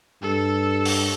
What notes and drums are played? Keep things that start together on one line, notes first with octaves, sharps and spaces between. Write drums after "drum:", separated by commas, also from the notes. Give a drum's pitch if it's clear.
G2 A4
drum: open hi-hat